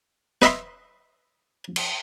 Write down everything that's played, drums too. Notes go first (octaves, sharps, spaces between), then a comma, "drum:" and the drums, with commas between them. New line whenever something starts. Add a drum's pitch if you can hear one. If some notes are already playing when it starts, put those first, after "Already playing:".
B4 D#5 E5 B5 C6, drum: snare
drum: cymbal